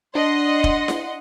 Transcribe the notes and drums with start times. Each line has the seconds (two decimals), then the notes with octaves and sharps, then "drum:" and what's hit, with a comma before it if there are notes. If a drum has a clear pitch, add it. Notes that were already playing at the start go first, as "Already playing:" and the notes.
0.15 D4 D#5 F#5 C6
0.64 drum: kick E1
0.88 drum: snare E4